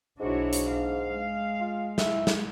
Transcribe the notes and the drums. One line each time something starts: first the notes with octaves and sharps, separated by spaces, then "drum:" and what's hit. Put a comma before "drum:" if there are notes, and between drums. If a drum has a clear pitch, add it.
B1 G#2 D4 E4 F#4 C#5
drum: hi-hat
F5
G#3
F4
E4, drum: snare
drum: snare